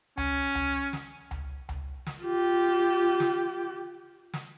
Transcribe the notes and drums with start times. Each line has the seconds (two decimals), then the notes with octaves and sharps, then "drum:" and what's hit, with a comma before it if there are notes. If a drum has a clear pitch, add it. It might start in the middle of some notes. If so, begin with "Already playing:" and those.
0.17 C#4, drum: tom C#2
0.55 drum: tom C#2
0.93 drum: snare
1.31 drum: tom C#2
1.69 drum: tom C#2
2.07 drum: snare
2.21 F4 G4
3.20 drum: snare
4.34 drum: snare